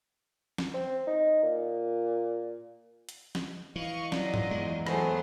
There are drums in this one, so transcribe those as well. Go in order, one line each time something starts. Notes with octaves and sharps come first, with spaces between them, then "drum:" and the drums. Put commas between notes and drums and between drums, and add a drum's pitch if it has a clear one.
drum: snare
C4
D#4
A#2
drum: hi-hat
drum: snare
E3 D#5 F5 C#6
F#3 F4 D5 D#5, drum: snare
drum: tom G2
E2 G#3
F#3 A3 B3 G#4 C5 C#5, drum: rim click